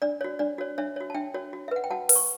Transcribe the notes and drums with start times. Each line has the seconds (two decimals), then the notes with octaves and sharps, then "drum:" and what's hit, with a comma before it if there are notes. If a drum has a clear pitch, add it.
0.02 D4 D5
0.21 F#4 C#5
0.39 D4 D5
0.58 F#4 C#5
0.78 D4 C#5 E5
0.96 F#4 C#5
1.10 A5
1.14 D4 E5 G5
1.34 F#4 C#5
1.53 F#4
1.68 E5
1.71 B4 F#5
1.84 G5
1.91 F#4 F#5 A5
2.09 B4, drum: open hi-hat
2.16 C#6